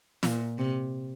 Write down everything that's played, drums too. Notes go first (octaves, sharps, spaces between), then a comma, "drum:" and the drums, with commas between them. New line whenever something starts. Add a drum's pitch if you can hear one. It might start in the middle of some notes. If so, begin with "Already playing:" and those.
A#2, drum: snare
C3